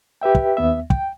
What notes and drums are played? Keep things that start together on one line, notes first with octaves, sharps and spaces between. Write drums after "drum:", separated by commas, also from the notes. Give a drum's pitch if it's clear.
G4 B4 E5 G5
drum: kick
D#2 B3 E5
G5, drum: kick